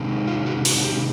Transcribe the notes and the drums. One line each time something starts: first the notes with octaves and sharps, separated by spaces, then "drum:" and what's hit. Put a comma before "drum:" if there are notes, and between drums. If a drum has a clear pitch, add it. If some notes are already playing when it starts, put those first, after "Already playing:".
Already playing: C3 D#3 G#3
F4
F#4
F#4, drum: open hi-hat
G4